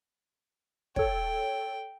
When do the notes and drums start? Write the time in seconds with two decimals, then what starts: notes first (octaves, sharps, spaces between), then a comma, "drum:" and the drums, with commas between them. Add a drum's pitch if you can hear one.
0.96 A4 C#5 G5, drum: kick